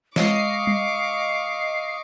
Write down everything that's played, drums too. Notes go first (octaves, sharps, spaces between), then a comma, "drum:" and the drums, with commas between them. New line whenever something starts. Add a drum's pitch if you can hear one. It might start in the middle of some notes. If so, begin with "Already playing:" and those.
G#3 C#5 D#5 F5 C#6 D6 C7, drum: snare
drum: tom G3